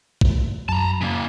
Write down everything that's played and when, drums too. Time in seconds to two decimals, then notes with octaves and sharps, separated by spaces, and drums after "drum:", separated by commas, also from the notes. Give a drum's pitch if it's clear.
0.21 drum: kick
0.69 F#2 A5 A#5
1.01 C#3 A#3